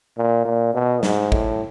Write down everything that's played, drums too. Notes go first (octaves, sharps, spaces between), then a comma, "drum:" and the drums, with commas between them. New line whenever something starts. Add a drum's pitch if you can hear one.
A#2
A#2
B2
G#2, drum: snare
A2, drum: kick